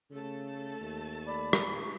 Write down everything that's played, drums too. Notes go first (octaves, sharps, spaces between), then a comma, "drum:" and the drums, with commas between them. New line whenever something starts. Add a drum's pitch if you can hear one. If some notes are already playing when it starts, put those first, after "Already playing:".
C#3 A3 A4 A5
D#2
D5 B5
drum: rim click